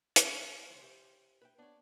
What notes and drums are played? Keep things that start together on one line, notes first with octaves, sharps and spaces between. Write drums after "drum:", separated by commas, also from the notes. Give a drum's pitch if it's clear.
G4 D5, drum: hi-hat
C#3 E3 C5
G4 E5
B4 E5 G5
B3 D4 C#5